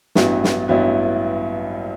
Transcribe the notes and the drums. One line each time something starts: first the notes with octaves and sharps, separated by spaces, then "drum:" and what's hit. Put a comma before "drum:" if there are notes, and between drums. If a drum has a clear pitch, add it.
A1 G2 F#3 B3 E4, drum: snare
drum: snare
A1 G2 F#3 B3 E4